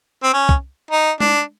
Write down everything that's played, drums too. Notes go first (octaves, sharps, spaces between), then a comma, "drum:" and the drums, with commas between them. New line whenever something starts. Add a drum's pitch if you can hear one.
C4
C#4
drum: kick
D#4
D4, drum: tom G#3